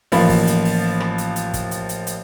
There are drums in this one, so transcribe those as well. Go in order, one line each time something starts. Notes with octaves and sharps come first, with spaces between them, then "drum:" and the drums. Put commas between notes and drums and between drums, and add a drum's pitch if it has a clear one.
A1 F3 A#3 B5, drum: open hi-hat
drum: kick, open hi-hat
drum: hi-hat
drum: open hi-hat
drum: rim click
drum: hi-hat
drum: hi-hat
drum: kick, hi-hat
drum: hi-hat
drum: hi-hat
drum: hi-hat